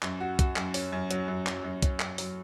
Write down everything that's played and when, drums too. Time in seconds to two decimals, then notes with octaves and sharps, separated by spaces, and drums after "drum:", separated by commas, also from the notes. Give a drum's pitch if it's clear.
0.02 F#2, drum: clap
0.20 F#4
0.39 F#4, drum: kick, hi-hat
0.56 F#2, drum: clap
0.74 C#4, drum: open hi-hat
0.92 F#2
1.11 F#3, drum: hi-hat
1.28 F#2
1.47 F#3, drum: clap
1.64 F#2
1.82 C#4, drum: kick, hi-hat
2.00 F#2, drum: clap
2.18 F#3, drum: open hi-hat